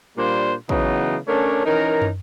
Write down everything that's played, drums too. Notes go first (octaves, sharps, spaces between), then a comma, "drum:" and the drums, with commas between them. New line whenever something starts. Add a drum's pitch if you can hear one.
A#2 G3 A#3 D4 C5
C#3 E3 F#3 B3 D#4, drum: kick
A3 C#4 D4 A#4 C#5
E3 C#4 D#4 A#4
drum: tom